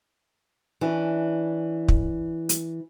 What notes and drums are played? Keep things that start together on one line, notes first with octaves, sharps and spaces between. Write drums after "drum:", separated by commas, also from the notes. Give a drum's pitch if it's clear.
E3 C#4 D4
drum: kick
drum: hi-hat